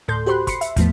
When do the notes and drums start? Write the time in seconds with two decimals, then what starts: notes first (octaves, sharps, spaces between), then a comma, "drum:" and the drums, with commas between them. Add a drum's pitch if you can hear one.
0.08 D2 A2 A4 C6 G6
0.26 F#4 G4 C5 B5 C6 F#6
0.47 B5 C6 C7 C#7, drum: kick, hi-hat
0.61 E5, drum: hi-hat
0.76 E2 A2 F3 A3 B3, drum: kick, hi-hat